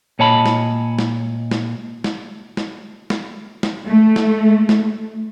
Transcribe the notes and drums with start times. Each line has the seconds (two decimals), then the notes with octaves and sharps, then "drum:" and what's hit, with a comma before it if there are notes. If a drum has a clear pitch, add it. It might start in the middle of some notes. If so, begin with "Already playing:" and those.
0.19 A#2 C#5 D#5 A5 B5
0.46 drum: snare
0.99 drum: snare
1.51 drum: snare
2.04 drum: snare
2.57 drum: snare
3.10 drum: snare
3.63 drum: snare
3.86 A3
4.16 drum: snare
4.69 drum: snare